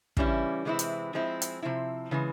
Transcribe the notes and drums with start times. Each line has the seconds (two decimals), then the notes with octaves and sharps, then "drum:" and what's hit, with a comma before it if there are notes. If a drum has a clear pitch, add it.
0.17 C#3 E3 G3 C#4 E4, drum: kick
0.65 C3 E3 G#3 C4 E4
0.79 drum: hi-hat
1.13 F3 G#3 C4 E4
1.42 drum: hi-hat
1.62 C3 F3 C4 E4
2.11 C#3 E3 G#3